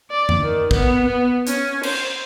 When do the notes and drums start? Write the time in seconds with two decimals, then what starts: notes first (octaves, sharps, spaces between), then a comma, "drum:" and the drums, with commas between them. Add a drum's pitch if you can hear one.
0.11 D5
0.29 drum: tom F2
0.42 D#3
0.71 B3, drum: kick
1.06 B3
1.47 C#4, drum: hi-hat
1.83 C5, drum: cymbal